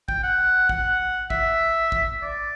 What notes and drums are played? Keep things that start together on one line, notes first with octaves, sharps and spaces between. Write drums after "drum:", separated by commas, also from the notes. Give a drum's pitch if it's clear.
G5, drum: kick
F#5
F#5, drum: kick
E5, drum: kick
drum: kick
D5